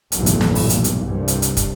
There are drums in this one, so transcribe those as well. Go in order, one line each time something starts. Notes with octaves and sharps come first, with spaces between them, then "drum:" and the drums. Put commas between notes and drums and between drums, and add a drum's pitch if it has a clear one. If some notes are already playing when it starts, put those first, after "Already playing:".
F1 B1 G2 A#2 E3, drum: hi-hat
drum: hi-hat
drum: snare
drum: open hi-hat
drum: hi-hat
drum: hi-hat
C2 G2
drum: hi-hat
drum: hi-hat
drum: kick, hi-hat